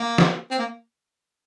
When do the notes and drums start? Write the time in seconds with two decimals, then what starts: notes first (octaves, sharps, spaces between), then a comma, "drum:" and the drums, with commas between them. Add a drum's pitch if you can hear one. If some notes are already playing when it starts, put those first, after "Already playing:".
Already playing: A#3
0.18 drum: snare
0.51 C4
0.58 A#3